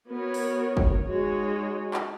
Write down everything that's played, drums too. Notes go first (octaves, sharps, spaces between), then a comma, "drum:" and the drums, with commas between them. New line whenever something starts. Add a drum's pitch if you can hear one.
B3 F#4 A#4 C#5
drum: open hi-hat
drum: kick
G#3 D#4 F#4 C#5
drum: clap